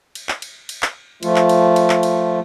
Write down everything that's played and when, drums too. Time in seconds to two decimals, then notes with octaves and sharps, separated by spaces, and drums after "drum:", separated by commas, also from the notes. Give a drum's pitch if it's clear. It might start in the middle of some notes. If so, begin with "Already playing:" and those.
0.15 drum: cymbal
0.29 drum: clap
0.42 drum: cymbal
0.69 drum: cymbal
0.82 drum: clap
1.23 F3 A3 F4, drum: cymbal
1.36 drum: clap
1.49 drum: cymbal
1.76 drum: cymbal
1.90 drum: clap
2.03 drum: cymbal